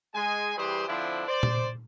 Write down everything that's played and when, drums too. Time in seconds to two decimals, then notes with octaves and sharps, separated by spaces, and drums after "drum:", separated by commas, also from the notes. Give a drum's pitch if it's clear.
0.15 G#3 G#5
0.57 E3 G3 G4 G#4 B4 C5
0.87 D3 F3 C4 D4 E4
1.27 C5 D5
1.43 drum: tom A#2